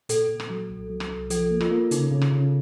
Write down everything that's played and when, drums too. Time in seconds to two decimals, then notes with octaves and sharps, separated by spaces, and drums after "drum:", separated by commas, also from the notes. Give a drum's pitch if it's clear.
0.09 A#2 A4, drum: hi-hat
0.29 A#2
0.40 drum: rim click
0.50 F#3
0.70 C2
0.90 F#3
1.00 drum: rim click
1.10 C2
1.30 F3 A4, drum: hi-hat
1.51 A#3
1.61 F4, drum: rim click
1.71 A#3
1.91 C#3 D#4, drum: hi-hat
2.11 C#3
2.22 drum: rim click
2.32 C#3